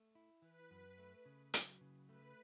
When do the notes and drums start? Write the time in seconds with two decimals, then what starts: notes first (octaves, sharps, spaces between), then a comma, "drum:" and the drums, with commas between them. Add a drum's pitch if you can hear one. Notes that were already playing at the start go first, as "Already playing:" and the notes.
Already playing: A3
0.15 E4
0.42 E3 B4
0.71 F#2
0.98 A3
1.26 C#3
1.54 F#3, drum: hi-hat
1.81 C#3
2.09 A3 B4